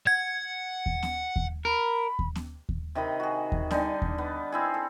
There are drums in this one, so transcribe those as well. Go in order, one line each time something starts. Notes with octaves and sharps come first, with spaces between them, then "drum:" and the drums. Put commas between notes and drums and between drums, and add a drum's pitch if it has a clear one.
F#5 G#6
drum: kick D#2
drum: snare
drum: kick D#2
A#4 B5
drum: kick D#2
drum: snare
drum: kick D#2
C3 D#3 D#5 B5
F#4 G#4
drum: kick D#2
D3 G3 D#4 G#5, drum: snare
drum: kick D#2
B3
C4 E4 G#4
A4